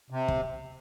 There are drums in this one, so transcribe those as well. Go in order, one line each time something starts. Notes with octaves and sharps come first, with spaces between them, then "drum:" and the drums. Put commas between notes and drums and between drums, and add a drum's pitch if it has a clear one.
C3
drum: kick